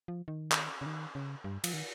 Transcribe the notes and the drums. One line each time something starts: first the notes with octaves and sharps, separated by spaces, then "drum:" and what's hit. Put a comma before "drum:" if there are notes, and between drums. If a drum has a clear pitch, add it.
F3
D#3
drum: clap
C#3
D#3
C#3
G2
F3, drum: cymbal
D#3